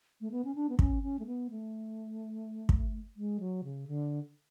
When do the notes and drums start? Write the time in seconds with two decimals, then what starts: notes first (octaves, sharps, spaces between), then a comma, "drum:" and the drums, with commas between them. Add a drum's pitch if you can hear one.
0.21 A3
0.31 B3
0.45 C#4
0.55 D4
0.69 B3
0.79 C#4, drum: kick
1.03 C#4
1.19 A3
1.26 B3
1.50 A3
2.69 drum: kick
3.16 G#3
3.40 F#3
3.64 C#3
3.87 D3